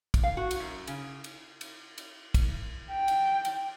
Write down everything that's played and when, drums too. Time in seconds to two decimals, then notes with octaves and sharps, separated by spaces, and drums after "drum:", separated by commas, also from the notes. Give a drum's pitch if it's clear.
0.14 drum: kick, cymbal
0.23 F5
0.37 F#4
0.51 drum: cymbal
0.60 F#2
0.87 C#3, drum: cymbal
1.24 drum: cymbal
1.61 drum: cymbal
1.98 drum: cymbal
2.34 drum: kick, cymbal
2.91 G5
3.08 drum: cymbal
3.45 drum: cymbal